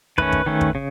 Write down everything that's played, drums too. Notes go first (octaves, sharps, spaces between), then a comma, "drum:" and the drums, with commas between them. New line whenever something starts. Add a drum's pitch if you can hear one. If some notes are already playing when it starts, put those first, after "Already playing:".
D#3 A3 C#4 B4, drum: kick
drum: kick
D#3 A3 C#4
drum: kick
C#3